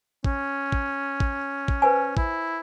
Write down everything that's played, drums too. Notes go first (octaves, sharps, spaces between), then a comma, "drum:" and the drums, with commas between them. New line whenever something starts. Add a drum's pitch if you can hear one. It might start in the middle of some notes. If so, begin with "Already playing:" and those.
C#4, drum: kick
drum: kick
drum: kick
drum: kick
B4 C5 G#5
E4, drum: kick